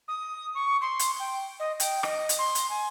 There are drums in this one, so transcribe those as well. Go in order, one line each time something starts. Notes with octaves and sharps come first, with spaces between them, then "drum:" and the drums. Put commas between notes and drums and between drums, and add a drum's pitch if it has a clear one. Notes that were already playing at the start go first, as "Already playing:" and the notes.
D#6
C#6
C6
drum: hi-hat
G5
D#5
G5, drum: hi-hat
D#5, drum: rim click
drum: hi-hat
C6
drum: hi-hat
G#5